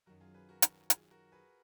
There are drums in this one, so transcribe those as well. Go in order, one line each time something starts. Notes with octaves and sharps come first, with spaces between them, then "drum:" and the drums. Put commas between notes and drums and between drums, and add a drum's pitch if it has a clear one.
F#2 D#3 F#3 F#4 A#4
F4 G#4
G#4 B4
F#4 A#4
drum: hi-hat
F4 G#4, drum: hi-hat
F#4 A#4
G#4 B4